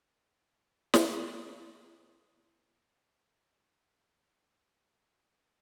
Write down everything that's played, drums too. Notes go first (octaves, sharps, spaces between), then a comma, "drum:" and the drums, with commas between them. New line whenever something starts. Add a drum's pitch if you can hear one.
G#3 A#3 F#5
drum: snare
F#3 G#3 A3 A#4 F#5
E2 G#4